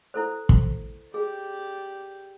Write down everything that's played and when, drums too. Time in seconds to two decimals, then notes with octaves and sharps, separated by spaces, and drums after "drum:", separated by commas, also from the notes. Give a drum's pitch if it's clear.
0.14 E4 A4 C5
0.49 drum: kick
1.14 G4 G#4 D5